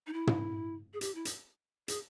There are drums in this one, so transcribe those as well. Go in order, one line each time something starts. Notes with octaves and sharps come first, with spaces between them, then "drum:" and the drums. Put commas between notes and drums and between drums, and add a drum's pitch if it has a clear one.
D#4
E4
drum: tom
G#4
G4, drum: hi-hat
E4
drum: hi-hat
G#4, drum: hi-hat